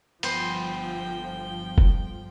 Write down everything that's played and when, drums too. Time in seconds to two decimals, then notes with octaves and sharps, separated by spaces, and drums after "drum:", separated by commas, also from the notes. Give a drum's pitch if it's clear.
0.23 G1 F3 B3 C5 G5, drum: cymbal
1.78 drum: kick F1